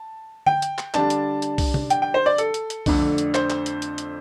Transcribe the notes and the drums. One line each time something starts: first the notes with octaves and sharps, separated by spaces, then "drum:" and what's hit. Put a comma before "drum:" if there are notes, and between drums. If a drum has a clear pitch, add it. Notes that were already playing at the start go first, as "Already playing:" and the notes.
Already playing: A5
G5, drum: tom D3
drum: hi-hat
drum: clap
D3 G3 D4 A5, drum: clap
drum: hi-hat
drum: hi-hat
drum: kick B1, open hi-hat
drum: tom
G5, drum: hi-hat
G5
C5
D5
A4, drum: hi-hat
drum: hi-hat
drum: hi-hat
F2 D3 A3 D4, drum: kick B1, open hi-hat
drum: tom D3
drum: hi-hat
C5, drum: clap
drum: clap
drum: hi-hat
drum: hi-hat
drum: hi-hat